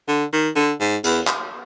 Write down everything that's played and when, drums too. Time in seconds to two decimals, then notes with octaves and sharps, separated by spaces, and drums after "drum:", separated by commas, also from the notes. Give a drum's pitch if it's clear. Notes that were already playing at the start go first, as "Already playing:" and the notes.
0.08 D3
0.33 D#3
0.56 D3
0.80 G#2
1.04 E2, drum: hi-hat
1.27 drum: clap